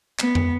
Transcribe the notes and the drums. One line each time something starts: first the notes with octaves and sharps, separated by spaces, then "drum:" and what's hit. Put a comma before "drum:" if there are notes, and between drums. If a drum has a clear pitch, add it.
B3, drum: clap
drum: tom F2